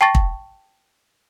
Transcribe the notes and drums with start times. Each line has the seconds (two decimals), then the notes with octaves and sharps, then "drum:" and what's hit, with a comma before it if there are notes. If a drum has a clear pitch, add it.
0.01 G5 A5 C#6 A6 A#6 C7
0.15 drum: kick